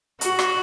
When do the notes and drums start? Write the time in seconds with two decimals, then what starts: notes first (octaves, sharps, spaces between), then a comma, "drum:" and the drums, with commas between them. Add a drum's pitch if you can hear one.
0.21 F#4, drum: hi-hat
0.39 drum: rim click